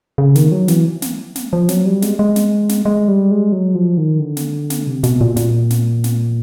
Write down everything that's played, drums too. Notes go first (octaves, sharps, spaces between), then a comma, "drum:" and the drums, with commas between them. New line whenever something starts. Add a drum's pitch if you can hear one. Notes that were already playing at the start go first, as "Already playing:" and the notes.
C#3
D#3, drum: snare
F#3
E3, drum: snare
drum: snare
drum: snare
F3
F#3, drum: snare
G3
G#3, drum: snare
G#3
drum: snare
drum: snare
G#3
G3
G#3
F#3
F3
D#3
D3
drum: snare
drum: snare
C3
B2, drum: snare
A#2
A#2, drum: snare
drum: snare
drum: snare